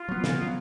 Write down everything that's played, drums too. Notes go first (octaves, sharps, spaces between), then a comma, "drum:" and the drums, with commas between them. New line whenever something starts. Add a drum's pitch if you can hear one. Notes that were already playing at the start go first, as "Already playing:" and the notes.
Already playing: F4
F#3 B3
C#3, drum: snare
F#3 B3